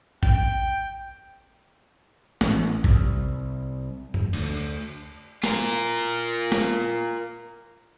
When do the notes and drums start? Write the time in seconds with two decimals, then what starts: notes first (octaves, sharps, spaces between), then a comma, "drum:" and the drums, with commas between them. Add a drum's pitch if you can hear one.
0.23 G5, drum: kick A1
2.41 A1, drum: snare
2.84 C2, drum: kick A1
4.14 drum: tom F2
4.33 D2, drum: cymbal
5.44 F4 A#4, drum: snare
6.52 drum: snare